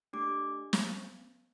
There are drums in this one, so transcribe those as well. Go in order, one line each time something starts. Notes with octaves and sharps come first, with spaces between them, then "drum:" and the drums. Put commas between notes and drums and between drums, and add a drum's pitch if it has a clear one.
A3 D4 G4 D6
B3, drum: snare